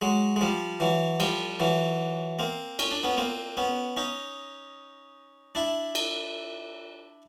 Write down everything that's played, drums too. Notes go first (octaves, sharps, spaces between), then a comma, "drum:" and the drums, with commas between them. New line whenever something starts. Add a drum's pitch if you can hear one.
F#3 G#3
G#3
F3 G3
E3 F#3
F3 G3, drum: cymbal
E3 F#3
A#3 C4
C#4, drum: cymbal
D4
B3 C#4
A#3 C4
B3 C#4
C#4 D#4
D4 E4
drum: cymbal